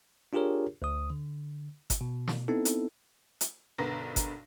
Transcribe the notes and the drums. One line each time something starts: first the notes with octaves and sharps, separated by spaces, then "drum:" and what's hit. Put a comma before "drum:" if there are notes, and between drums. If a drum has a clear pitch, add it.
D4 F4 G4 G#4 A#4 C#5
D2 D#6
D3
drum: kick G1, hi-hat
B2
drum: snare
B3 C4 D#4 E4 A4
drum: hi-hat
drum: hi-hat
B1 G2 D3 B3 A#4 A#6
drum: kick G1, hi-hat